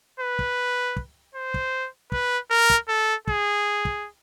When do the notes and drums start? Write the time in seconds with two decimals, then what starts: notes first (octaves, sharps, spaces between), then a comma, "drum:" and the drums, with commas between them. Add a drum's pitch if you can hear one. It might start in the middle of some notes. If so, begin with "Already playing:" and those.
0.20 B4
0.39 drum: kick
0.96 drum: kick
1.35 C5
1.54 drum: kick
2.12 B4, drum: kick
2.50 A#4
2.70 drum: kick
2.88 A4
3.27 G#4, drum: kick
3.85 drum: kick